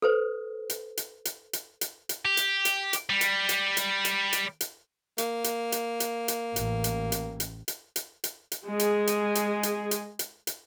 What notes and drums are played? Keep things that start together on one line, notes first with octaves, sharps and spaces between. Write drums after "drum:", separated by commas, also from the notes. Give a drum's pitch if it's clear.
A4 B4 C5
drum: hi-hat
drum: hi-hat
drum: hi-hat
drum: hi-hat
drum: hi-hat
drum: hi-hat
G4
drum: hi-hat
drum: hi-hat
drum: hi-hat
G3
drum: hi-hat
drum: hi-hat
drum: hi-hat
drum: hi-hat
drum: hi-hat
drum: hi-hat
A#3, drum: hi-hat
drum: hi-hat
drum: hi-hat
drum: hi-hat
drum: hi-hat
A1, drum: hi-hat
drum: hi-hat
drum: hi-hat
drum: hi-hat
drum: hi-hat
drum: hi-hat
drum: hi-hat
drum: hi-hat
G#3 G#4
drum: hi-hat
drum: hi-hat
drum: hi-hat
drum: hi-hat
drum: hi-hat
drum: hi-hat
drum: hi-hat